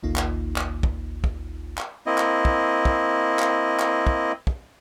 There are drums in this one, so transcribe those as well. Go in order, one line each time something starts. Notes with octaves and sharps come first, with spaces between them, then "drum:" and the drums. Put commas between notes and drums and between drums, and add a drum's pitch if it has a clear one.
G#1 D2 A#3 D#4 F4
drum: clap
drum: clap
drum: kick
drum: kick
drum: clap
A#3 C4 E4 D#5
drum: clap
drum: kick
drum: kick
drum: clap
drum: clap
drum: kick
drum: kick